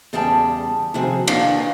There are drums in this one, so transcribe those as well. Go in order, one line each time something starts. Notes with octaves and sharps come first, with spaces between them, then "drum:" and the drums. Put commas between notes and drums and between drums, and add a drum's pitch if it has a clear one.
E2 C#3 G3 G#4 G5 A5
C3 D#3 F3 C4 F#4 G#4
D#2 D4 F5, drum: cymbal